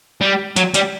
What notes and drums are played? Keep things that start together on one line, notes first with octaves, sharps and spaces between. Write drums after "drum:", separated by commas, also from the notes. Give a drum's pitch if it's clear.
G3
F#3, drum: hi-hat
G3, drum: hi-hat